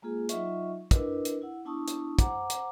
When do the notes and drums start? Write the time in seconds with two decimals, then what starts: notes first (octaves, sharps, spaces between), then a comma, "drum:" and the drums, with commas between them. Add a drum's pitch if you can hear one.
0.02 G#3 A#3 F4 G#4
0.29 F#3 D#4 F4 D#5 E5 C#6, drum: hi-hat
0.91 D4 E4 A#4 B4 D#5, drum: kick, hi-hat
1.25 drum: hi-hat
1.42 E4 F#5
1.65 B3 D4 E4 A5 C#6 D#6
1.87 drum: hi-hat
2.19 C5 F#5 A#5 D6, drum: kick, hi-hat
2.50 drum: hi-hat